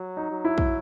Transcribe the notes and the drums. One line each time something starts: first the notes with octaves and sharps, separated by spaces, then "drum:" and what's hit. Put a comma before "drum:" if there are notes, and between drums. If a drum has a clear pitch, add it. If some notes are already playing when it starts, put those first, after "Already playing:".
Already playing: F#3
D#4
F#3
E4
drum: kick